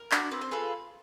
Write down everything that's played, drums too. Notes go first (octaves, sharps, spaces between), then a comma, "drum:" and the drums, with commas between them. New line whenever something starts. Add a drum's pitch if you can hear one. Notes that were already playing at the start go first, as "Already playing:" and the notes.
Already playing: A#4
D4 F#4, drum: clap
C4 B4
C5
F4 G#4 A4 B4